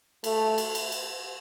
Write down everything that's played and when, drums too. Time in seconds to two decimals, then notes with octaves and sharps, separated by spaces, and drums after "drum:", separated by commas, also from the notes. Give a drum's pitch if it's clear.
0.24 A3, drum: cymbal
0.58 drum: cymbal
0.75 drum: cymbal
0.92 drum: cymbal